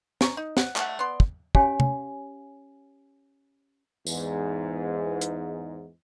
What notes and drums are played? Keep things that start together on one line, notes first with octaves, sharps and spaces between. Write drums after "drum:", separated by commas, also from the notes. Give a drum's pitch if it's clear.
C#4 A#5 C#6, drum: snare
D#4
F#5, drum: snare
A3 F#5, drum: clap
B3 D5 C6
drum: kick
C#4 G4 C#5 F5 G#5, drum: kick
drum: tom C3
E2 G#2, drum: tambourine
drum: hi-hat